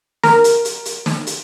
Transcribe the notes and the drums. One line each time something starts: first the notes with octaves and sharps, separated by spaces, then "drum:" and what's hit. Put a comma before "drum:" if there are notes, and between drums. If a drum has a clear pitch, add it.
A#4, drum: snare
drum: hi-hat
drum: hi-hat
drum: hi-hat
drum: snare
drum: hi-hat